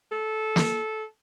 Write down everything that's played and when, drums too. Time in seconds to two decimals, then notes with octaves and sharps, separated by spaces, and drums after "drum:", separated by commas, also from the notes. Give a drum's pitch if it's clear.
0.11 A4
0.56 drum: snare